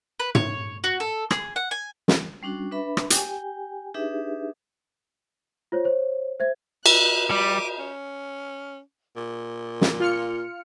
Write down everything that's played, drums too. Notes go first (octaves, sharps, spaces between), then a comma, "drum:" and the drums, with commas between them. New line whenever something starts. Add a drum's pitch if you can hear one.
B4
C#5, drum: tom
F#4
A4
G#4, drum: rim click
F#5
G#5
drum: snare
G3 C#4 D4 F#4
D4 B4 E5 B5
drum: rim click
G4 G5 G#5, drum: hi-hat
D4 D#4 G4 G#4 B4 E5
F4 C5 C#5
C5 C#5
C5 E5 G#6
F#6, drum: cymbal
G3 D6 D#7
C#4
A#2
drum: snare
F4 F6 C#7